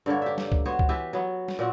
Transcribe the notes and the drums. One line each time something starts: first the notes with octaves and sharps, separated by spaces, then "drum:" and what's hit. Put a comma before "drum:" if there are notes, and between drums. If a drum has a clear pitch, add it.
G2 D3 A#3 C#5
G4 E5
drum: snare
drum: kick C#2
B3 F#4 C5 C#5
drum: kick C#2
E3 G4 B4 E5
F#3 B3
drum: snare
A#2 C4 F#4